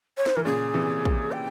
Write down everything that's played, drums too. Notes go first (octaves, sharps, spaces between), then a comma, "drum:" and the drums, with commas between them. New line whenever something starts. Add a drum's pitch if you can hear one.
C#5
C5, drum: snare
E3 A#4
A#2 C#3 G#4
C3 E3
drum: kick
G5